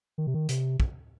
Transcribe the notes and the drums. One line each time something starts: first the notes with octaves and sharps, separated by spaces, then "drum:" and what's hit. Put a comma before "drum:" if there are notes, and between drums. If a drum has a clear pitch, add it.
D#3
C3
D#3
C3, drum: hi-hat
drum: kick